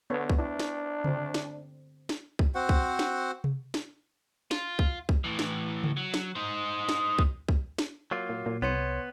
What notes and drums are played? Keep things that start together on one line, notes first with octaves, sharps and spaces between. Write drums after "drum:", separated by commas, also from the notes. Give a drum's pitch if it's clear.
D3 B3 C#5
drum: kick C2
D4 E4
drum: snare
D3 C4, drum: tom C#3
drum: snare
drum: snare
drum: kick C2
C4 F#4 C5 F#5
drum: kick C2
drum: snare
drum: tom C3
drum: snare
F4, drum: snare
drum: kick C2
drum: kick C2
A2 E3
drum: snare
drum: tom C#3
F#3
drum: snare
D#4 C5
drum: snare
drum: kick C2
drum: kick C2
drum: snare
F#3 A#3 F4
A#2
A#2
C2 B3 C#5 C6 C#7